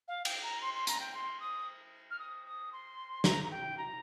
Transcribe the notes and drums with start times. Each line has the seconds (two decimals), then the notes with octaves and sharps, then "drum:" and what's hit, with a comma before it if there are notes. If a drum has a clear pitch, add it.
0.08 F5
0.25 G5, drum: cymbal
0.43 A#5
0.61 C6
0.74 C6
0.87 A#5, drum: hi-hat
1.00 G5
1.14 C6
1.40 D#6
2.10 F6
2.19 D#6
2.46 D#6
2.72 C6
3.24 A#5, drum: snare
3.43 A#5
3.51 G5
3.77 A#5